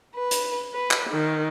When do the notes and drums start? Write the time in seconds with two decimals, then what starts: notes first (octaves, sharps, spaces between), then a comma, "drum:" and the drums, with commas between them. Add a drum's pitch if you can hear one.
0.15 B4
0.31 drum: hi-hat
0.74 B4
0.91 drum: clap
1.08 D#3